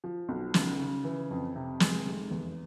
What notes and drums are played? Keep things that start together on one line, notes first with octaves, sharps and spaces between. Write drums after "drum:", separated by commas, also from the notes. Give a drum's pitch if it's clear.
F3
B1
C#3, drum: snare
C#3
E3
F2
C3
G#3, drum: snare
F1
E2